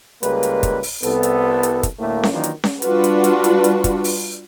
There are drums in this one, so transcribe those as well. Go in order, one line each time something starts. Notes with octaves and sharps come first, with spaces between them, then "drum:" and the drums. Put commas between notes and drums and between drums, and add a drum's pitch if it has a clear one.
C#2 G3 G#3 A#3 B4, drum: hi-hat
drum: hi-hat
drum: kick, hi-hat
drum: open hi-hat
C2 B3 A4, drum: hi-hat
drum: hi-hat
drum: hi-hat
drum: kick, hi-hat
D2 A2 A3 A#3
drum: snare C#4
D#3 E3 F#3 A#3 D4 F4
drum: hi-hat
drum: snare C#4
G3 D4 F4 F#4 B4, drum: hi-hat
drum: hi-hat
drum: hi-hat
drum: hi-hat
drum: hi-hat
drum: kick, hi-hat
drum: open hi-hat